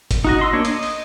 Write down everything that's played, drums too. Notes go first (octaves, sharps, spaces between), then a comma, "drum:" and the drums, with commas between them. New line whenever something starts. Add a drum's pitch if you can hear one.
drum: kick G1, hi-hat
D#4 F#4 D#5
D#5 C6 E6
A#3 D4 C#5
D#5, drum: hi-hat
drum: open hi-hat